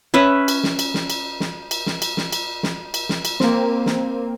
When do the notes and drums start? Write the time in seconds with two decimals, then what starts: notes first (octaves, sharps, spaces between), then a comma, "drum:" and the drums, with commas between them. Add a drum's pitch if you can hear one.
0.14 C#4 B4 E5
0.48 drum: cymbal
0.63 drum: snare
0.79 drum: cymbal
0.94 drum: snare
1.10 drum: cymbal
1.40 drum: snare
1.71 drum: cymbal
1.86 drum: snare
2.02 drum: cymbal
2.17 drum: snare
2.32 drum: cymbal
2.63 drum: snare
2.94 drum: cymbal
3.09 drum: snare
3.25 drum: cymbal
3.40 A#3 C4, drum: snare
3.86 drum: snare